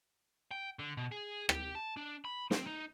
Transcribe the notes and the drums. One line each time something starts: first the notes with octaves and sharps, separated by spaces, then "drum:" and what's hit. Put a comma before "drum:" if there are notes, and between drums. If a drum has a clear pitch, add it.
G5
D3
B2
G#4
G4, drum: rim click
A5
D4
B5
C4, drum: snare
D#4